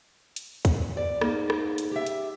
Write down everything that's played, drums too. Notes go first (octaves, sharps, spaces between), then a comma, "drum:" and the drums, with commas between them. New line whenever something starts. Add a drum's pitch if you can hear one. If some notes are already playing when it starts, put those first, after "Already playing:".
drum: hi-hat
drum: kick, hi-hat
D5
G#2 A#3, drum: rim click
drum: rim click
drum: hi-hat
G4 E5
drum: hi-hat